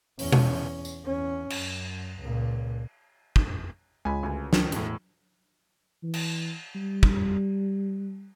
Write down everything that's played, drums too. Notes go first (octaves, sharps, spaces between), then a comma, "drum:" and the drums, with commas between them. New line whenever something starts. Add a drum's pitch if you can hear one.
E2 C#4, drum: open hi-hat
drum: tom B2
drum: tambourine
E2 C#4
F#2, drum: cymbal
C#2 A#2
drum: kick
C#2 G#5 B5
D2 G#5
D#3 F3 C#4, drum: snare
E1 A2, drum: hi-hat
E3
drum: cymbal
G3
drum: kick